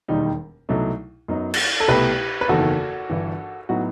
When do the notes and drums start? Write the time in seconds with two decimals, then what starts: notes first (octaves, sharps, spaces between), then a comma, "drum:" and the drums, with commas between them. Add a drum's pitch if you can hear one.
0.08 E1 D#2 D#3 G3 D#4
0.69 C2 B2 F#3 A3 D#4
1.28 F#2 F#3 B3 D#4
1.54 drum: cymbal
1.80 A4
1.88 C2 B2 A3 G4 B4
2.41 B4
2.48 F#1 E2 D#3 F#4 A4
3.10 G1 G2 E3
3.69 A2 F#3 B3 D#4 F#4